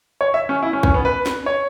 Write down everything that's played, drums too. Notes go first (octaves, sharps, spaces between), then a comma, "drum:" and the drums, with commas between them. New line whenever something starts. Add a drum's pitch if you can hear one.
C#5
E5
C#4
E4
C#4
C#4, drum: kick B1
B3
B4
drum: snare
C#5